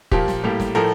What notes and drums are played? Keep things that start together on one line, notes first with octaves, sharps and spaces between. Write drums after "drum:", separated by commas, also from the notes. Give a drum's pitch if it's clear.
A#2 F3 A#3 G4, drum: kick
drum: snare
A2 G3 A#3
drum: snare
A2 F3 A3 A#4